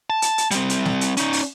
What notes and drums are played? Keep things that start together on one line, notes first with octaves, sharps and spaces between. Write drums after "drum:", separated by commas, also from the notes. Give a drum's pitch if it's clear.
A5
drum: hi-hat
drum: hi-hat
G3 C4, drum: hi-hat
drum: hi-hat
drum: snare
drum: hi-hat
C#4 D#4, drum: hi-hat
drum: open hi-hat